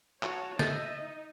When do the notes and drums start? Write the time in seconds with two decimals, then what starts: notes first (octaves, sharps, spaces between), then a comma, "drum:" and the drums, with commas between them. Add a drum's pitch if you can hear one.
0.23 F#4 C#5 A5, drum: clap
0.59 D#5 E5 G6 A6, drum: snare
1.00 D#4